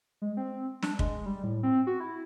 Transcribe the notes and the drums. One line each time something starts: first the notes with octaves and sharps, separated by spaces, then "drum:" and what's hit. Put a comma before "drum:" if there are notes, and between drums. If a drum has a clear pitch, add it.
G#3
C4
D4, drum: snare
G#3, drum: kick
G3
A2
C4
F#4
E4